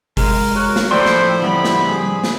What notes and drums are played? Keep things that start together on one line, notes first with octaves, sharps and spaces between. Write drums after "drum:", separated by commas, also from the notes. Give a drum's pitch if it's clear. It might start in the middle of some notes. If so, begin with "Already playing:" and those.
G#3 A#4, drum: kick G1, open hi-hat
F#4 A#4 C#5
drum: snare
A2 F3 A4 C5 D5 G5 B5 C6
drum: snare
D3 G3 B3 C4 E4 B5
drum: snare
G#4
drum: snare